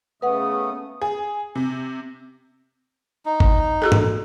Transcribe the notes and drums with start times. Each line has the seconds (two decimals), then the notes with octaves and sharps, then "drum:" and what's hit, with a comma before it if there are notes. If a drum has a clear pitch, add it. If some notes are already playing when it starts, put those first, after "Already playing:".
0.22 C#3 A3 B3 B4 F#5 D#6
1.02 G#4
1.55 C3
3.26 D#4
3.40 drum: kick G1
3.82 F#4 G#4 A4
3.92 drum: tom G#2